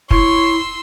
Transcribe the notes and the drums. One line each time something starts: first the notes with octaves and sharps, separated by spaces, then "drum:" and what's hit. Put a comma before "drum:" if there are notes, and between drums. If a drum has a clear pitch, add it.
E4 C#5 C6 E6, drum: kick